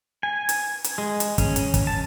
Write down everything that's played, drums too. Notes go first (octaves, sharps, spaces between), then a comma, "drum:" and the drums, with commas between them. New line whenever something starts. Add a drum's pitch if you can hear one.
G#5
drum: hi-hat
drum: hi-hat
G#3
drum: hi-hat
C#4, drum: kick, hi-hat
drum: hi-hat
drum: kick, hi-hat
A5